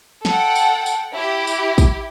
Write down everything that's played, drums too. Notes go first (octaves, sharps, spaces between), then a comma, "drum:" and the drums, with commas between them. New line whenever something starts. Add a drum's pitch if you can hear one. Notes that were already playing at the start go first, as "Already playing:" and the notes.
A4 F#5 G5, drum: snare
drum: tambourine
drum: tambourine
E4 G4
drum: tambourine
drum: kick, tambourine